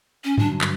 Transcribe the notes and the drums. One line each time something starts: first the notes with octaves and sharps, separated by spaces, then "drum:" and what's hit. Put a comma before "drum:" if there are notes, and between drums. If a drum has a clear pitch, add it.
C#4
G2 D3 F#3 D4, drum: tom G2
drum: clap